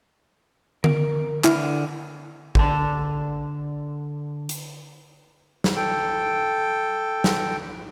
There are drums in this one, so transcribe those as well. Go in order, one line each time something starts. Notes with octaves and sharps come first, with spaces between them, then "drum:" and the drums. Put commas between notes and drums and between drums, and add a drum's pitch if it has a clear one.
A#4, drum: tom D3
D3 E4 F6, drum: clap
D3 A5, drum: kick G#1
drum: hi-hat
drum: snare
A4 G5
drum: snare